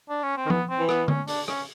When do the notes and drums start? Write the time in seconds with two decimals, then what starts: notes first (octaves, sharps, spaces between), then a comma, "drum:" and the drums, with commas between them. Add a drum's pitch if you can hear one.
0.09 D4
0.23 C#4
0.37 C4
0.46 D#3
0.50 E3 B3, drum: tom F3
0.70 C4
0.79 E3
0.89 B3, drum: rim click
1.08 C#4, drum: tom D3
1.28 D4, drum: open hi-hat
1.48 C#4, drum: rim click